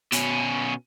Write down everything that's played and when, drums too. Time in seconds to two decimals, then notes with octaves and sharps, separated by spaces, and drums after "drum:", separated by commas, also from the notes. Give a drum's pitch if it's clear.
0.12 B2 C#4, drum: hi-hat